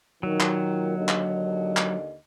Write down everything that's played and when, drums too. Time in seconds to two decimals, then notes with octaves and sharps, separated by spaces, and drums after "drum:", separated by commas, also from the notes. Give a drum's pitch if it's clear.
0.23 A#2 D#3 F#3
0.40 drum: clap
0.96 D#2 D3 D#5
1.09 drum: clap
1.77 drum: clap